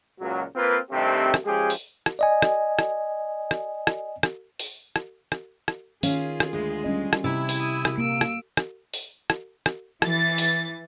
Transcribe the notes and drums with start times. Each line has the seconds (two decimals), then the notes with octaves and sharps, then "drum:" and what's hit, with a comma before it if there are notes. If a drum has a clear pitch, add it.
0.20 C#2 A#2 F#3
0.55 A#3 C4 F4 B4
0.91 G2 C3 D#3 A3 C4 G4
1.34 drum: rim click
1.45 F3 G#3 C#4 G4 G#4
1.70 drum: open hi-hat
2.06 drum: rim click
2.19 D5 D#5 G#5
2.42 drum: rim click
2.79 drum: rim click
3.51 drum: rim click
3.87 drum: rim click
4.23 drum: rim click
4.59 drum: open hi-hat
4.96 drum: rim click
5.32 drum: rim click
5.68 drum: rim click
6.03 D#3 C#4 F4 G#4 F5, drum: open hi-hat
6.40 drum: rim click
6.53 D2 G#3
6.84 G3 C#4 D#5
7.13 drum: rim click
7.24 C3 E4
7.49 drum: open hi-hat
7.61 D#6
7.85 drum: rim click
7.98 A#3 E6 D7
8.21 drum: rim click
8.57 drum: rim click
8.94 drum: open hi-hat
9.30 drum: rim click
9.66 drum: rim click
10.02 E3 A6, drum: rim click
10.38 drum: open hi-hat